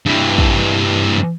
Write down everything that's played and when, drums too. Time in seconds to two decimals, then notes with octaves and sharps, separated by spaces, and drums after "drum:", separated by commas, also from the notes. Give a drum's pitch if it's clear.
0.06 G2 E3
0.38 drum: kick